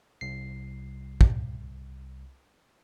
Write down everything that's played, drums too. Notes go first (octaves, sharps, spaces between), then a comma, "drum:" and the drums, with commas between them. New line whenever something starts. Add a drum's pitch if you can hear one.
C2 C7
drum: kick